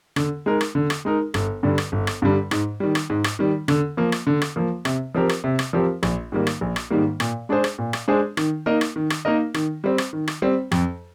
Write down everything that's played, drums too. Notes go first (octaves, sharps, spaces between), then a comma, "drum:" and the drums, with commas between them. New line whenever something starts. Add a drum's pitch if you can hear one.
D3, drum: rim click
G#3 D#4 A#4
drum: rim click
D3
drum: rim click
G#3 D#4 A#4
G1, drum: rim click
G2 D3 G3
drum: rim click
G1
drum: rim click
G2 D3 G3
G#2, drum: rim click
D#3 G3
drum: rim click
G#2
drum: rim click
D#3 G3
D3, drum: rim click
F3 A#3
drum: rim click
D3
drum: rim click
F3 A#3
C3, drum: rim click
F3 C4 G4 A#4
drum: rim click
C3
drum: rim click
F3 C4 G4 A#4
A#1, drum: rim click
G#2 D#3 G3 A#3
drum: rim click
A#1
drum: rim click
G#2 D#3 G3 A#3
A#2, drum: rim click
G#3 D4 G#4 C5
drum: rim click
A#2
drum: rim click
G#3 D4 G#4 C5
D#3, drum: rim click
A#3 D#4 A#4 D#5
drum: rim click
D#3
drum: rim click
A#3 D#4 A#4 D#5
D#3, drum: rim click
G3 C4
drum: rim click
D#3
drum: rim click
G3 C4
F2, drum: rim click